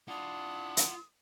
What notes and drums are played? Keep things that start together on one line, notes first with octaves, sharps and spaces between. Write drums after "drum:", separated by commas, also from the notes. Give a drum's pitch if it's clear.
D4 E4 F4 F#5 D#6
drum: hi-hat